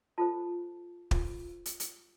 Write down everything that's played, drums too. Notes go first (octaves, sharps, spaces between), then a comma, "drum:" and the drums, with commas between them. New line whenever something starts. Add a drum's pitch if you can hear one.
F4 A4 C5 A5
F4 A4 C5, drum: kick
drum: hi-hat
drum: hi-hat